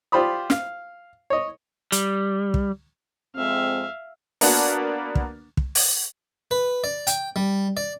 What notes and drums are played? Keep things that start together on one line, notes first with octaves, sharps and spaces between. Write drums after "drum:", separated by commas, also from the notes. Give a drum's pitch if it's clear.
F4 G4 C5 D5 B5 D#6
F5, drum: snare
C#5 D#5
G3, drum: hi-hat
drum: kick
F2 G#3 C4 E5 F5
A#3 B3 D4 F#4, drum: open hi-hat
drum: kick
drum: kick
drum: open hi-hat
B4
D5
G5, drum: hi-hat
G3
D5